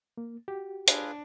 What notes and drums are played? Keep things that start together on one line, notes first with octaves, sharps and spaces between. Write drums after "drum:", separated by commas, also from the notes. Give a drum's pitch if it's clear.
A#3
F#4 G4
D4 F4 G#4 B4, drum: hi-hat